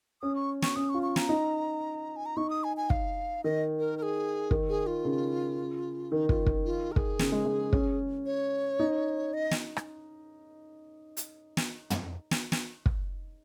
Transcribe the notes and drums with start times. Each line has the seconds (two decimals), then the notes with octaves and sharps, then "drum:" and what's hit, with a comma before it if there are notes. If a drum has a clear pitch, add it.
0.22 C#4 D#6
0.36 C#6
0.62 C#6, drum: snare
0.76 C#4 D#6
0.89 C#6
0.94 F4
1.03 C#6
1.16 A#5, drum: snare
1.29 D#4
2.16 G#5
2.26 A#5
2.37 D#4 C#6
2.50 D#6
2.64 G#5
2.77 G#5
2.90 F5, drum: kick
3.44 D#3 D#5
3.79 A#4
3.98 A#4
4.02 G#4
4.51 D#3, drum: kick
4.69 G#4
4.87 F4
5.05 C#3
6.12 D#3 D#4
6.29 F4, drum: kick
6.46 drum: kick
6.65 F4
6.92 A#4
6.96 G#4, drum: kick
7.19 C#3, drum: snare
7.32 G#3
7.45 G#3
7.73 C#4, drum: kick
8.26 C#5
8.80 D#4
9.34 D#5
9.51 drum: snare
9.77 drum: rim click
11.17 drum: hi-hat
11.57 drum: snare
11.90 drum: tom
12.31 drum: snare
12.52 drum: snare
12.86 drum: kick